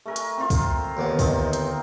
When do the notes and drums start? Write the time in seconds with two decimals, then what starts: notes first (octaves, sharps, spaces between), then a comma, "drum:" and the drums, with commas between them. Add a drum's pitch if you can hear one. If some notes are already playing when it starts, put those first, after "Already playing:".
0.06 A3 A#4 G#5
0.16 drum: hi-hat
0.37 C4 F4
0.50 drum: kick, open hi-hat
0.97 D#2 D3 B3
1.19 C4 D#4 F4, drum: kick, open hi-hat
1.53 drum: hi-hat